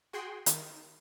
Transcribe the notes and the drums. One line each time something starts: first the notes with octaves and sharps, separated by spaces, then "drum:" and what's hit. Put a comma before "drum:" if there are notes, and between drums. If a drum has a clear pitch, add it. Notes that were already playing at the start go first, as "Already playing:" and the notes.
F#4 G#4 G5 C6
D#3, drum: hi-hat